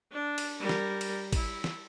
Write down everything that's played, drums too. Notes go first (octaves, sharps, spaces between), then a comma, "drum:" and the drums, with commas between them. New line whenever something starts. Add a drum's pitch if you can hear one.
D4
drum: cymbal
G3 A#4
drum: snare
drum: cymbal
E4, drum: kick A1, cymbal
drum: snare